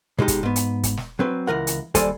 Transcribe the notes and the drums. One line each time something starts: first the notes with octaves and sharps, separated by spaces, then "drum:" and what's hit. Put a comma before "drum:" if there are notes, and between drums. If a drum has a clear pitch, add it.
B2 G#3 D#4 G4
drum: kick, hi-hat
G#2 B3
drum: hi-hat
drum: kick, hi-hat
drum: snare
F#3 C4 B4
C#2 E3 A#4 F#5
drum: hi-hat
D#2 G3 A4 C5 D5 G#5, drum: kick, hi-hat